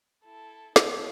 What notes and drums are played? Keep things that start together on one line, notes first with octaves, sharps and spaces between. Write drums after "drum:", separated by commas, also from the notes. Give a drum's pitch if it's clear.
E4 A4
D#4 A4, drum: snare